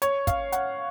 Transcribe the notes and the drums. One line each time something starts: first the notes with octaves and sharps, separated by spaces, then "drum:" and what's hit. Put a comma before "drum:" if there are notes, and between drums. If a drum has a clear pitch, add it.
C#5, drum: hi-hat
F5, drum: kick, hi-hat
F#5, drum: hi-hat